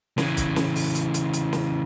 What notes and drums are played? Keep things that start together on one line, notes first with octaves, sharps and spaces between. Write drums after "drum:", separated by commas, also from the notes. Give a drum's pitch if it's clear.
C#3 E3, drum: snare
drum: kick, hi-hat
drum: snare
drum: open hi-hat
drum: hi-hat
drum: hi-hat
drum: hi-hat
drum: snare